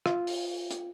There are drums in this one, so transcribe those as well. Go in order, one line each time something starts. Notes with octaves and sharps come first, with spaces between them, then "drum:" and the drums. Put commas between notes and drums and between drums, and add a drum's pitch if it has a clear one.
F4, drum: rim click
drum: open hi-hat
drum: hi-hat